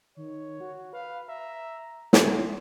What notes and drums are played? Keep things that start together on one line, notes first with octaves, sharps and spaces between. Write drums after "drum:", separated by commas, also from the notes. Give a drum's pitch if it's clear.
D#3 C#5
F#4
B4 F5
E5 A#5
G#4 C6, drum: snare